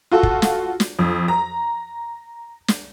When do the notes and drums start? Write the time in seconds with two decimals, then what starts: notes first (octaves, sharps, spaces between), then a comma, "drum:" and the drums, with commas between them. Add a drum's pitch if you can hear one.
0.11 F4 F#4 A4
0.23 drum: kick
0.42 drum: snare
0.80 drum: snare
0.99 F2
1.28 A#5
2.68 drum: snare